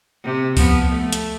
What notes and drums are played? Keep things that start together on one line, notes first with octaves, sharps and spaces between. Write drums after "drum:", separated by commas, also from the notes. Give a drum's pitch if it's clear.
C3
F3 B3, drum: kick C#2, open hi-hat
A3
drum: hi-hat